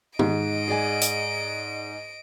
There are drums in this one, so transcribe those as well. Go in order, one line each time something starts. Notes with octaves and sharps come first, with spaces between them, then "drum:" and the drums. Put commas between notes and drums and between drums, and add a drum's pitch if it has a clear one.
G#2 D#5 D7, drum: tom
G#4 D5 G#5
drum: hi-hat